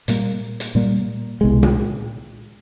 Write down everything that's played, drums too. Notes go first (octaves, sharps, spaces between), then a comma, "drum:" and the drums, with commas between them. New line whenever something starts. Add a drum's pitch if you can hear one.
A#2 G3 A#3, drum: hi-hat
drum: hi-hat
A#2 G3 A#3
C2 B2 G#3
drum: tom A#2